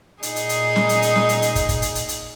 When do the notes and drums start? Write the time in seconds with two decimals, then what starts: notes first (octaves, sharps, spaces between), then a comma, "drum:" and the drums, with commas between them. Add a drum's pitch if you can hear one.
0.23 A#2 D#4 G#4, drum: hi-hat
0.36 drum: hi-hat
0.49 drum: hi-hat
0.76 drum: snare
0.89 drum: hi-hat
1.02 drum: hi-hat
1.16 drum: snare
1.29 drum: hi-hat
1.42 drum: hi-hat
1.55 drum: kick, hi-hat
1.69 drum: kick, hi-hat
1.82 drum: hi-hat
1.95 drum: hi-hat
2.09 drum: hi-hat